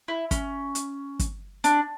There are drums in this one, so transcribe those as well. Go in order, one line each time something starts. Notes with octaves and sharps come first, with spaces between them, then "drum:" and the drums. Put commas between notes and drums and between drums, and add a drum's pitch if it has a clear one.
E4
C#4, drum: kick, hi-hat
drum: hi-hat
drum: kick, hi-hat
D4, drum: hi-hat